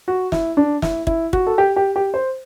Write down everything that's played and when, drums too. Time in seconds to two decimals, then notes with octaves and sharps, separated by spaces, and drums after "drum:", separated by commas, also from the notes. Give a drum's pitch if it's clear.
0.08 F#4
0.32 E4, drum: snare
0.57 D4
0.82 E4, drum: snare
1.07 E4, drum: kick
1.33 F#4, drum: kick
1.47 A4
1.58 G4
1.76 G4
1.96 G4
2.14 C5